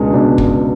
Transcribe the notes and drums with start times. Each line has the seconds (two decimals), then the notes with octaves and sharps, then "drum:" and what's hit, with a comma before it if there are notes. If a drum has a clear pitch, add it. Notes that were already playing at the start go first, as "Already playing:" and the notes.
Already playing: C#2 B2 G#3 D4 G#4
0.13 C#2 B2 G#3 D4 G#4
0.38 drum: kick